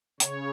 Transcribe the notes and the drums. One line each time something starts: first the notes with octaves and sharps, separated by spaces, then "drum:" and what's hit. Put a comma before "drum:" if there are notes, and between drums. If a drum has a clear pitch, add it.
C#3 C#5, drum: hi-hat